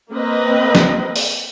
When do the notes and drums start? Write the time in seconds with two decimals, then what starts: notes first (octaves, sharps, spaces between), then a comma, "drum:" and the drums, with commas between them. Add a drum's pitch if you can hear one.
0.11 A#3 C4 B4 D#5
0.75 drum: snare
1.16 drum: open hi-hat